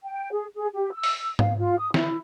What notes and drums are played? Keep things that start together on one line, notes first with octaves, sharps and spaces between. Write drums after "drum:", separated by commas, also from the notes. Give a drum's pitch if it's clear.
G5
G#4
G#4
G4
E6
drum: open hi-hat
F5, drum: tom G#2
F4
D#6
E4, drum: snare